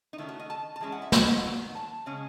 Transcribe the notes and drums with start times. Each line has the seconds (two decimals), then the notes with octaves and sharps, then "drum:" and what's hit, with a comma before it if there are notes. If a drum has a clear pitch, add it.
0.13 D#4
0.18 D#3 A3 C#4 E4
0.29 F#4
0.40 D#5
0.50 A5
0.76 A5
0.81 E3 G#3 C#4
0.92 F#5
1.02 E5
1.12 D#5, drum: snare
1.28 F#5
1.44 D#3 F#3
1.75 A5
2.06 C#3 G#3 C#4